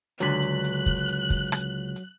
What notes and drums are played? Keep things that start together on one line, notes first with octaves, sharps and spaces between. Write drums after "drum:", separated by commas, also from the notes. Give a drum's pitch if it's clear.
C#2 D3 F#3 F#6 B6, drum: hi-hat
drum: hi-hat
drum: hi-hat
drum: kick, hi-hat
drum: hi-hat
drum: kick, hi-hat
drum: rim click
drum: hi-hat